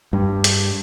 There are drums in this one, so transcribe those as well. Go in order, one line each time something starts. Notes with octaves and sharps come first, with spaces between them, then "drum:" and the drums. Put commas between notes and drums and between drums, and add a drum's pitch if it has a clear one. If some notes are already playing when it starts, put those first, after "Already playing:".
G2
drum: hi-hat